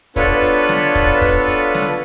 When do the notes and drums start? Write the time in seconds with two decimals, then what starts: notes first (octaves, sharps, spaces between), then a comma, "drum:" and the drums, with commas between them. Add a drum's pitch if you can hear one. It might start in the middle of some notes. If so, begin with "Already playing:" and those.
0.16 B3 D4 F4 A4 B4 C#5, drum: kick, hi-hat
0.42 drum: hi-hat
0.69 drum: snare
0.95 drum: kick, hi-hat
1.22 drum: kick, hi-hat
1.48 drum: hi-hat
1.75 drum: snare